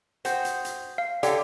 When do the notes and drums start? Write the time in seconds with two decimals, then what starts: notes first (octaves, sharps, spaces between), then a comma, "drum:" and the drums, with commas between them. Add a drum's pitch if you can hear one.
0.25 F#4 G#4 C5 G5, drum: hi-hat
0.45 drum: hi-hat
0.65 drum: hi-hat
0.98 F5
1.23 D3 G4 C#5 G5, drum: hi-hat